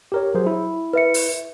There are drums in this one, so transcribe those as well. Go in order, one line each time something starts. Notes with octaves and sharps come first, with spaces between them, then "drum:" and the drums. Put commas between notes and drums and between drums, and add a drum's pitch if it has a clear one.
G4 A#4 C#5
F#3 G#4 C5
E4
B4 E5 C#7
drum: open hi-hat